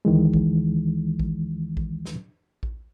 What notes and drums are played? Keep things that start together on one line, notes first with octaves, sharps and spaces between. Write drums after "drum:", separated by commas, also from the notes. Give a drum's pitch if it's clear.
D2 D#3 E3 G#3
drum: kick A1
drum: kick A1
drum: kick A1
drum: snare
drum: kick A1